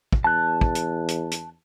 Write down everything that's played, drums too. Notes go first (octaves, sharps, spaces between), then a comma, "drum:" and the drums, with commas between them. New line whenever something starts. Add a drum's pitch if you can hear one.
drum: kick
E2 A5 F#6
drum: kick
drum: hi-hat
drum: hi-hat
drum: hi-hat